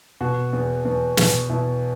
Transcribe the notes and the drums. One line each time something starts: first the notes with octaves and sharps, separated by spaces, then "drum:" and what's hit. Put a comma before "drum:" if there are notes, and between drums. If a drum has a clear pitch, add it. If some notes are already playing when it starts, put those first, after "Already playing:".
B2 F#4
E2
E2
B2, drum: snare
B2 E4